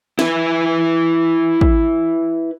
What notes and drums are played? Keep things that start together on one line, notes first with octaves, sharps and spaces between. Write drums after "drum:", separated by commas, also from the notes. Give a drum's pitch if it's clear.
E4 B4, drum: snare
drum: kick